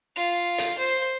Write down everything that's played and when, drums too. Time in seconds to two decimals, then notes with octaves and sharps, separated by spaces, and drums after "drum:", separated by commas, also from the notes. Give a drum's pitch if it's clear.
0.16 F4
0.58 drum: hi-hat
0.79 C5